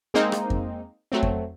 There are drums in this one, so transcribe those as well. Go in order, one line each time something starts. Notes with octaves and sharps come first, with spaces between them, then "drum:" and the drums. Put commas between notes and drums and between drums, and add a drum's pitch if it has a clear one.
G#3 A#3 C4 D#4
drum: rim click
drum: kick F2
F#3 A3 C4
drum: kick F2